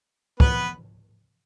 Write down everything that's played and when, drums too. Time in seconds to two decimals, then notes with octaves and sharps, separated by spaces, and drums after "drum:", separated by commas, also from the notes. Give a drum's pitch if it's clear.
0.40 B3 B4, drum: kick